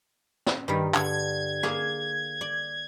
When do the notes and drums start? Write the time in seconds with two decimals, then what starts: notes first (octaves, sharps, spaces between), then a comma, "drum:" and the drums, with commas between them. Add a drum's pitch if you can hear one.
0.46 drum: snare
0.68 G2 D#3 G3
0.94 D3 G#6, drum: clap
1.63 A#3 G#4, drum: rim click
2.41 D5